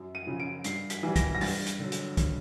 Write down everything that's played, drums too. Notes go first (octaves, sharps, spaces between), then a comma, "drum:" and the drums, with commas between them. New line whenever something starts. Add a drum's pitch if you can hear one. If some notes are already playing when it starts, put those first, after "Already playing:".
Already playing: F#2
D#7
C#3 F3
D7
G2 C7, drum: hi-hat
B6, drum: hi-hat
E3 G3
A#6, drum: kick, hi-hat
A#6
G2 A6, drum: open hi-hat
drum: hi-hat
D3 F#3
drum: hi-hat
drum: kick, hi-hat